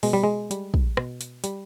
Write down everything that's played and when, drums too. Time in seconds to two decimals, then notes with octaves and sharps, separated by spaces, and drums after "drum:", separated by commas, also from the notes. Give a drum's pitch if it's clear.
0.03 B2 G#3, drum: open hi-hat
0.13 G3
0.24 G#3
0.51 G3, drum: hi-hat
0.74 drum: kick
0.97 B2, drum: rim click
1.21 drum: hi-hat
1.44 G3, drum: hi-hat